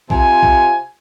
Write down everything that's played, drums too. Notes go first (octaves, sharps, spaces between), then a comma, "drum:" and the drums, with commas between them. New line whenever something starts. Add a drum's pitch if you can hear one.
C3 F4 G#5, drum: kick A#1
drum: kick A#1